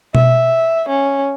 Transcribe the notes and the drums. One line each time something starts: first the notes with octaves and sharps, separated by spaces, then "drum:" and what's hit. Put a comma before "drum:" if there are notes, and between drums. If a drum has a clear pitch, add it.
E5, drum: tom B2
C#4